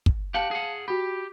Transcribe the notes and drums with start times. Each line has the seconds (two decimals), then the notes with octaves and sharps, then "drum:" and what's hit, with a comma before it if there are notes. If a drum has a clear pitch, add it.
0.06 drum: kick
0.34 G4 F5 F#5 A5
0.51 G#4 F#5
0.88 F#4 G4 B5